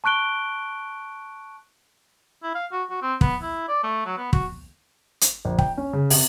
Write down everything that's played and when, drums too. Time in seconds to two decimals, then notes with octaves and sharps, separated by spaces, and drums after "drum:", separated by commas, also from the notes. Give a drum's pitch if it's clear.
0.04 A5 C#6 F#6 D7 G7
2.43 E4
2.55 F5
2.72 F#4
2.90 F#4
3.02 C4
3.21 B3, drum: kick
3.42 E4
3.68 D5
3.83 A3
4.05 F#3
4.18 B3
4.33 F#4, drum: kick
5.21 drum: hi-hat
5.45 A#1
5.58 G5, drum: kick
5.77 C#4
5.93 C#3
6.10 C3, drum: open hi-hat